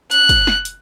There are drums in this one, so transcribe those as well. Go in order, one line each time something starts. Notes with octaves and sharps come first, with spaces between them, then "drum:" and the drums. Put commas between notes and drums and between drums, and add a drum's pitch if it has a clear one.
F#6, drum: hi-hat
drum: kick, hi-hat
drum: snare
drum: hi-hat